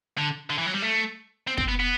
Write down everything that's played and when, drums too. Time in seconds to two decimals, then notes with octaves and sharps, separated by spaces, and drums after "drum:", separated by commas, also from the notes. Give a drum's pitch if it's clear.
0.18 D3
0.50 D3
0.58 E3
0.66 F#3
0.74 G3
0.83 A3
1.47 C4
1.58 C4, drum: kick
1.68 B3
1.80 B3